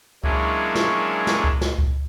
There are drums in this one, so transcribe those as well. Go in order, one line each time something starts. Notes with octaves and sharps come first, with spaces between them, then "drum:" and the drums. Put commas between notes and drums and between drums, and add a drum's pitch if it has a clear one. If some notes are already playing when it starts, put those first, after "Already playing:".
F#3 G#3 A#3 C#4 D4 E4, drum: kick C#2
drum: snare
drum: snare
drum: kick C#2
drum: snare
drum: kick C#2